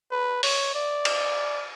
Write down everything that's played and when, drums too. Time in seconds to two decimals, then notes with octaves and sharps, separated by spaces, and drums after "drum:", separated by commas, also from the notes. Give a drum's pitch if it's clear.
0.11 B4
0.43 C#5, drum: open hi-hat
0.75 D5
1.05 drum: cymbal